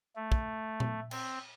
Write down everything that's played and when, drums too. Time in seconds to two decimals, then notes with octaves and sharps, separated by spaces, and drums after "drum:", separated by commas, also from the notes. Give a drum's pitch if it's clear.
0.16 A3
0.32 drum: kick
0.80 drum: tom A#2
1.11 C4, drum: cymbal